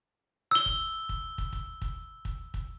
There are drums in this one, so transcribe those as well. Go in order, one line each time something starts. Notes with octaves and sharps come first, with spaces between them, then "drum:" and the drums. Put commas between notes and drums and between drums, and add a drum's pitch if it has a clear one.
E6 G7
drum: kick
drum: kick
drum: kick
drum: kick
drum: kick
drum: kick
drum: kick